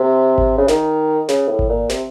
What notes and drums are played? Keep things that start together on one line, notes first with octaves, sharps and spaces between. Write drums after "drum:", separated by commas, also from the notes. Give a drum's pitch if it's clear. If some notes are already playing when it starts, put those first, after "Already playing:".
Already playing: C3
drum: kick G#1
C#3
D#3, drum: snare
C#3, drum: snare
A2
drum: kick G#1
A#2
C3, drum: snare